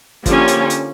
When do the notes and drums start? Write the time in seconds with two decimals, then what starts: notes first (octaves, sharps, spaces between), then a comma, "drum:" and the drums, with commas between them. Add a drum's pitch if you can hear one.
0.26 D3 F3 A#3 C#4 F4 G4, drum: kick, hi-hat
0.48 drum: hi-hat
0.70 drum: hi-hat